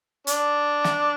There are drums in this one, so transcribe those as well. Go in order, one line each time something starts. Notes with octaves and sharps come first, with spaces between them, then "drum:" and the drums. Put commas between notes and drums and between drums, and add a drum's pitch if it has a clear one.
D4, drum: hi-hat
drum: snare